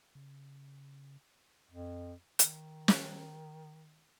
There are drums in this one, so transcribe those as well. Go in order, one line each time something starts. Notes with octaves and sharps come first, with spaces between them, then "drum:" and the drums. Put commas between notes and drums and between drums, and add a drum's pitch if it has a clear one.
C#3
F2
D#3, drum: hi-hat
drum: snare